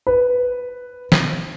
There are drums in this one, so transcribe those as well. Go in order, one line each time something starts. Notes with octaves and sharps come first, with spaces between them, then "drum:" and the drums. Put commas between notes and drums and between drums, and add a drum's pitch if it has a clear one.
B4
drum: snare